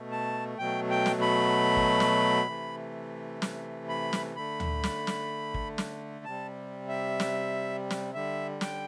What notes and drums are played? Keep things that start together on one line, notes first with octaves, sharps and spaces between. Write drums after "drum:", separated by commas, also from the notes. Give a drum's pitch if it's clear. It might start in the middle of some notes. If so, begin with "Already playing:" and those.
Already playing: B2 A3
A5
B2 F#3 A3 G5
G5
drum: snare
B5
drum: kick
drum: snare
C3 E3 A3
drum: snare
B5
drum: snare
D3 A3 B5
drum: tom D2
drum: snare
drum: snare
drum: kick
drum: snare
C3 G3 A5
E5
drum: snare
drum: snare
D3 G3 E5
G5, drum: snare